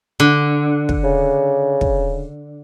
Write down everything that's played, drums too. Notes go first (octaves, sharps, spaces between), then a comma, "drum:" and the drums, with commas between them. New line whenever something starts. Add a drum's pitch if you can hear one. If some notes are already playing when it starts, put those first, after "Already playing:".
D3
drum: kick
C#3
drum: kick